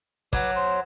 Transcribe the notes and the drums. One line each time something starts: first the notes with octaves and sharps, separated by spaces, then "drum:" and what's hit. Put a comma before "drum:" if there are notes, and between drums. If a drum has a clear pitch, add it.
F#3 B4 D6, drum: kick
C5